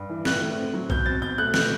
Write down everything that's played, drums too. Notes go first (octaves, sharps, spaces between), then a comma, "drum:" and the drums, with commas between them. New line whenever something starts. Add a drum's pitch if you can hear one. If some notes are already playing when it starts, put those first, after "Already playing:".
Already playing: G2
E3
A2 F#6, drum: snare
A3
C4
F#3
B2 G6, drum: kick A#1
C4 A6
B2 G6
A3 F#6
B2 F#6, drum: snare